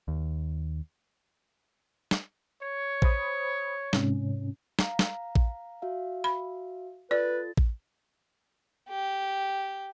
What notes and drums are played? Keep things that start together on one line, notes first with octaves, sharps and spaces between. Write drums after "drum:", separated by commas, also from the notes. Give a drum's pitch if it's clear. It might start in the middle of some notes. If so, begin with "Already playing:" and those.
D#2
drum: snare
C#5
C5 B5 D#6, drum: kick A1
G#2 C3 C#4, drum: snare
F5 A#5, drum: snare
drum: snare
drum: kick A1
F#4 E5 F5
B5
F4 A4 B4 D5 A6
drum: kick A1
G4